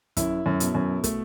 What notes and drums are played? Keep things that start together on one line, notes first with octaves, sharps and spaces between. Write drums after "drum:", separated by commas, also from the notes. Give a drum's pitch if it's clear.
F#2 E4, drum: kick, hi-hat
F#2
B2, drum: hi-hat
F#2
A3, drum: kick, hi-hat